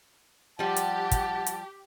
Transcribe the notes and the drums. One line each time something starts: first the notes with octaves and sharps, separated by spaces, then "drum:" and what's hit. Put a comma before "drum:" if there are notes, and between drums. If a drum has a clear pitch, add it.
F3 G3 G4 F#5 A5
drum: hi-hat
drum: kick, hi-hat
drum: hi-hat